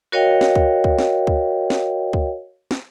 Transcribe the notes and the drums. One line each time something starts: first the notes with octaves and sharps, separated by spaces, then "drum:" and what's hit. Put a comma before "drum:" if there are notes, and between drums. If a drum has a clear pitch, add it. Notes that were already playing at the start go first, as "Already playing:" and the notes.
F#4 A#4 C#5 D#5 F5 G5
drum: snare
drum: kick C#2
drum: kick C#2
drum: snare
drum: kick C#2
drum: snare
drum: kick C#2
drum: snare